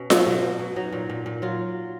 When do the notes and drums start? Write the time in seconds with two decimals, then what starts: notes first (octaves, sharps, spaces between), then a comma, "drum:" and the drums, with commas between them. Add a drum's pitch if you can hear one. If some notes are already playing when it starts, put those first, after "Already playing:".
Already playing: B2 C#4
0.10 F#3, drum: snare F4
0.26 B2
0.43 B2
0.59 B2
0.76 F#3 D#4
0.92 A#2
1.09 A#2
1.26 A#2
1.42 F#3 F4